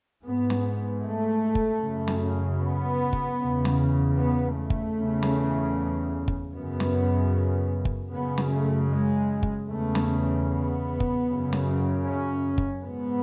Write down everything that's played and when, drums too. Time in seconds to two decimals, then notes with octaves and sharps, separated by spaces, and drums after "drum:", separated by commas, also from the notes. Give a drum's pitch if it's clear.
0.24 G#2 B3
0.50 drum: snare
1.03 A3
1.55 drum: kick
1.81 F#2 C#3
2.08 drum: snare
2.60 B3
3.13 drum: kick
3.39 E2 C#3
3.65 drum: snare
4.18 B3
4.57 A3
4.70 drum: kick
4.96 E2 C#3
5.23 drum: snare
6.28 drum: kick
6.54 F#2 C#3 B3
6.80 drum: snare
7.85 drum: kick
8.12 F#2 C#3 B3
8.38 drum: snare
8.51 A3
8.90 G#3
9.43 drum: kick
9.69 E2 C#3 A3
9.95 drum: snare
10.48 B3
11.00 drum: kick
11.27 F#2 C#3
11.53 drum: snare
12.05 C#4
12.58 drum: kick
12.84 G#2 B3